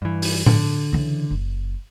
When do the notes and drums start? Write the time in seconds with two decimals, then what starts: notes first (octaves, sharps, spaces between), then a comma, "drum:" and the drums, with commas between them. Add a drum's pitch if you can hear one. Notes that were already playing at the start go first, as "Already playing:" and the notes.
0.02 G2 E3
0.22 drum: open hi-hat
0.46 D3, drum: tom A2
0.93 C#3 E3
1.31 F#1